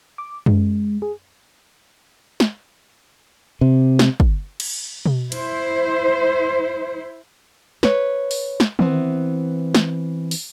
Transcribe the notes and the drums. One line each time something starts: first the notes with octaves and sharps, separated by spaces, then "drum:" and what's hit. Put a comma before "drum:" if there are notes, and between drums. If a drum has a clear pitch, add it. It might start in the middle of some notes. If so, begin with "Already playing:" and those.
D6
G#3, drum: tom F#2
G#4
drum: snare
C3
drum: snare
drum: kick
drum: cymbal
drum: tom B2
E4 C5, drum: cymbal
B4 C#5, drum: snare
drum: open hi-hat
drum: snare
E3 B3 C4, drum: tom D#3
drum: snare
drum: open hi-hat